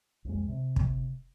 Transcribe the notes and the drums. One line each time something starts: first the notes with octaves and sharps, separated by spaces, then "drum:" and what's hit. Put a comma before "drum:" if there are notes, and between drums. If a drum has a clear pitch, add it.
C2 F2 G#3
C3
drum: kick